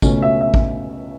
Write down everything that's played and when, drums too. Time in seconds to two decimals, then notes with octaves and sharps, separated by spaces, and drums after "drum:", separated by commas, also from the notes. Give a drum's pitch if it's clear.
0.02 C#2 B2 A3 C#4, drum: kick A1, tambourine
0.22 E5
0.41 E5
0.54 drum: kick A1